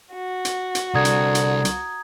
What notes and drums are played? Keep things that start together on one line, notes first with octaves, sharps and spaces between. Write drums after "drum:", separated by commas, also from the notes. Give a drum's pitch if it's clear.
F#4
drum: hi-hat
drum: hi-hat
C2 D3 A#5 D#6 G#6
drum: hi-hat
drum: hi-hat
drum: hi-hat